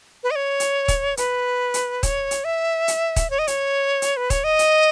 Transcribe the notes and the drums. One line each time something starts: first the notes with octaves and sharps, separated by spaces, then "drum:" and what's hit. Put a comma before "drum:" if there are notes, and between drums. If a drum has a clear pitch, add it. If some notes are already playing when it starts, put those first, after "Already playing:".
B4
D#5
C#5
drum: hi-hat
drum: kick, hi-hat
B4, drum: hi-hat
drum: hi-hat
C#5, drum: kick, hi-hat
drum: hi-hat
E5
drum: hi-hat
drum: kick, hi-hat
C#5
D#5
C#5, drum: hi-hat
drum: hi-hat
B4
C#5, drum: kick, hi-hat
D#5
drum: hi-hat